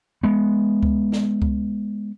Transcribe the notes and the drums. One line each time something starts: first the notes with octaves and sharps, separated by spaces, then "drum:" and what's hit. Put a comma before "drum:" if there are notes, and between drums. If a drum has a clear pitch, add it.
G#3 B3
drum: kick C#2
drum: snare
drum: kick C#2